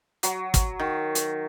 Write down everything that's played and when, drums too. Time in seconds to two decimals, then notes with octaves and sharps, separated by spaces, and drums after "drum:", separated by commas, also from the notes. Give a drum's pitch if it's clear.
0.23 F#3, drum: hi-hat
0.54 drum: kick, hi-hat
0.79 D#3
1.15 drum: hi-hat